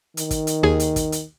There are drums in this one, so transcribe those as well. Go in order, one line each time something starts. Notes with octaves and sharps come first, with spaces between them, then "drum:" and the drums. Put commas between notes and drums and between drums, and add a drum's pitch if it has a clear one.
D#3, drum: hi-hat
drum: kick, hi-hat
drum: hi-hat
D#2 G#4 G#5
drum: hi-hat
drum: kick, hi-hat
drum: hi-hat